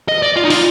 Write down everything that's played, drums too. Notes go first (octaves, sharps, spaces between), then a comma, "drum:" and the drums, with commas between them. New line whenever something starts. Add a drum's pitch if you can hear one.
D#5
D5
F4
D#4
F4, drum: open hi-hat